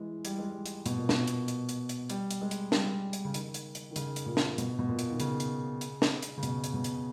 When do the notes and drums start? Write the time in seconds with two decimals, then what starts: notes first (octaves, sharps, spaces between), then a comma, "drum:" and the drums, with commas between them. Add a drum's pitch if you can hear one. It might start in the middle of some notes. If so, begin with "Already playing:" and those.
Already playing: E3 G#3
0.25 G3, drum: hi-hat
0.38 G#3
0.51 G3
0.66 drum: hi-hat
0.86 B2, drum: hi-hat
0.97 A#2
1.09 B2, drum: snare
1.27 drum: hi-hat
1.48 drum: hi-hat
1.69 drum: hi-hat
1.89 drum: hi-hat
2.10 G3, drum: hi-hat
2.31 drum: hi-hat
2.41 G#3
2.51 drum: hi-hat
2.72 G3, drum: snare
3.13 drum: hi-hat
3.25 C#3
3.34 D#3, drum: hi-hat
3.54 drum: hi-hat
3.75 drum: hi-hat
3.91 D#3
3.96 C#3, drum: hi-hat
4.16 drum: hi-hat
4.26 A#2
4.37 drum: snare
4.58 B2, drum: hi-hat
4.79 B2
4.89 A#2
4.99 drum: hi-hat
5.11 D#3
5.20 C#3, drum: hi-hat
5.40 drum: hi-hat
5.81 drum: hi-hat
6.02 drum: snare
6.22 drum: hi-hat
6.37 C#3
6.43 B2, drum: hi-hat
6.64 drum: hi-hat
6.74 B2
6.84 drum: hi-hat